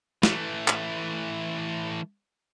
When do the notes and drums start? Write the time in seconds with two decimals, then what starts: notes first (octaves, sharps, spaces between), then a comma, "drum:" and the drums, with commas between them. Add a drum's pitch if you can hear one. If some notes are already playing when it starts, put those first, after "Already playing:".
0.23 E3 A3, drum: snare
0.68 drum: clap